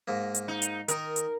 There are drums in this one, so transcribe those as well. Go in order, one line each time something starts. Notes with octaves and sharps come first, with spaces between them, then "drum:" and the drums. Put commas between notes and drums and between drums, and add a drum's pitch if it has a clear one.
G#2 A#3
drum: hi-hat
D#4
drum: hi-hat
D#3 D#4 A#4, drum: hi-hat
drum: hi-hat